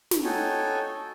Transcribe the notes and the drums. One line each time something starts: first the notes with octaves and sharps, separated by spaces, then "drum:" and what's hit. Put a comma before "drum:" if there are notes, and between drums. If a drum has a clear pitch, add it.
drum: snare
D#4 F#4 A4 C#5 G5 G#5